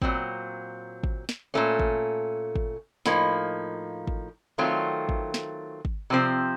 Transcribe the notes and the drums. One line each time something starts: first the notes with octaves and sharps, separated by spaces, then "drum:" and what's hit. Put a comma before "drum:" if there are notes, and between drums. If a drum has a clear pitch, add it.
A#2 F#3 C4, drum: kick G#1
drum: kick G#1
drum: snare
A#2 A3 C#4
drum: kick G#1
drum: kick G#1
A2 F3 A#3 D#4, drum: snare
drum: kick G#1
D#3 F#3 A3 C4 F4
drum: kick G#1
drum: snare
drum: kick G#1
C3 F3 C4